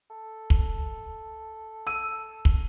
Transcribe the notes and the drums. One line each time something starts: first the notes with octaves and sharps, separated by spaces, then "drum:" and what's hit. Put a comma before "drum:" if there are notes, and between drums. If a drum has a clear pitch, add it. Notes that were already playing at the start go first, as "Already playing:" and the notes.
A4
drum: kick
E6 D#7
drum: kick